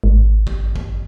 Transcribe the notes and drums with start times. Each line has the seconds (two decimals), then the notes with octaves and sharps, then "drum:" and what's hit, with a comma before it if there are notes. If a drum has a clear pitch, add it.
0.04 G#1
0.47 drum: kick
0.76 drum: kick